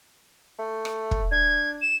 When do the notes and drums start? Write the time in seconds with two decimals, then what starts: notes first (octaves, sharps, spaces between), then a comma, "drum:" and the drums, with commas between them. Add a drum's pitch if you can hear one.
0.59 A3
0.85 drum: rim click
1.11 drum: kick
1.32 D4 G#6
1.82 E7